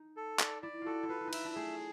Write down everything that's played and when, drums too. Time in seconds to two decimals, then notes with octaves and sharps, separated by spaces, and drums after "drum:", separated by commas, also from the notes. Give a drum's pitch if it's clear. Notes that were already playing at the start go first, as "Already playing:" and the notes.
Already playing: D#4
0.17 A4
0.39 D5, drum: clap
0.63 E4 D5
0.82 F4 F#4 A4
1.03 E4
1.09 F4 B4
1.21 F4
1.27 D#4
1.33 E4 E5, drum: cymbal
1.44 D4
1.55 A3 G#4